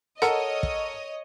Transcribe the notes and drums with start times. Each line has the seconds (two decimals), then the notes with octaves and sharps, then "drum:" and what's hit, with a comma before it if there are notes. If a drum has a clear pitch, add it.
0.22 A4 A#4 C#5 D#5 F#5, drum: rim click
0.63 drum: kick